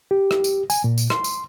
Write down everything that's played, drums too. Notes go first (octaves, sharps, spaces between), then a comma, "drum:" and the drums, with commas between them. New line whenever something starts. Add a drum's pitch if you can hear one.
G4
drum: rim click
drum: tambourine
G#5, drum: tambourine
A#2
drum: tambourine
C6, drum: rim click
drum: tambourine